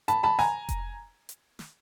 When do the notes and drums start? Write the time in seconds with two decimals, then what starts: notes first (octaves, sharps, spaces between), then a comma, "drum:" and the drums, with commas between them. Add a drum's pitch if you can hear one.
0.08 A5 B5, drum: hi-hat
0.23 A5 B5
0.39 G#5 A#5, drum: snare
0.69 drum: kick F1, hi-hat
1.29 drum: hi-hat
1.59 drum: snare